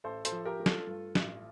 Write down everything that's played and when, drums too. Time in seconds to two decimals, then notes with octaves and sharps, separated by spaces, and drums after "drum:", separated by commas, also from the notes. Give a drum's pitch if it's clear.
0.04 A1 A4 C5
0.25 A4 C5, drum: hi-hat
0.32 F3
0.45 G4 A#4
0.60 A3
0.66 F4 A4, drum: snare
0.87 G2
1.15 A1, drum: snare